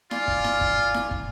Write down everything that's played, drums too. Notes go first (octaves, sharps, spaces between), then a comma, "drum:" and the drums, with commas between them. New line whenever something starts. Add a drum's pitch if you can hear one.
F4 D5 F5 G#5, drum: snare E4
drum: kick
drum: snare E4
drum: kick
drum: snare E4
drum: kick